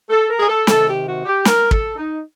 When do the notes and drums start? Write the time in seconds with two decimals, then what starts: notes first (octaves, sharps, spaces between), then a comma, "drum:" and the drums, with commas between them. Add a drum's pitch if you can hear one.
0.10 A4
0.30 A#4
0.40 G#4
0.48 A4
0.67 C3 D#3 A4, drum: snare
0.87 G4
1.06 F#4
1.25 G4
1.45 A#4, drum: snare
1.71 A4, drum: kick
1.96 D#4